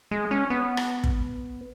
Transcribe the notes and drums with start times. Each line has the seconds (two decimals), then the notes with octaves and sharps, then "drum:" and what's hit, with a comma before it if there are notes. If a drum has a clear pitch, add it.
0.11 G#3
0.31 C#4
0.50 B3
0.77 drum: rim click
1.04 drum: kick